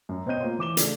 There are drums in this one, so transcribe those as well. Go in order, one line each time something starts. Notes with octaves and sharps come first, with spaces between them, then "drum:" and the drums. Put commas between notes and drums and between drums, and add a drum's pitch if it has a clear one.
F#2
B2 C4 C#5 D#5 G6 D#7
A#3 F4 C5
E3 D6 E7 G7
C#3 A3 D4, drum: hi-hat